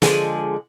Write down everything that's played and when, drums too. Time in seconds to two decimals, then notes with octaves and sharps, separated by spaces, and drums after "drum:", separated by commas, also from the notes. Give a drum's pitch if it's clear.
0.02 D3 F3 G#3 G#5, drum: snare